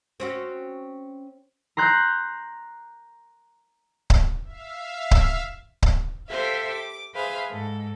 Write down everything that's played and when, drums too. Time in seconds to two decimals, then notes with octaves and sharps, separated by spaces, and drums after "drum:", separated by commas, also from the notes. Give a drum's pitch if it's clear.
0.20 C4 C#4 F#4
1.77 A#5 C6 F#6 G6
4.10 drum: kick C#1
4.44 E5 F5
5.11 drum: kick C#1
5.83 drum: kick C#1
6.28 G4 A4 C5 E5 F5
6.70 D6
7.13 G#4 B4 C5 E5 F5
7.49 G#2 A4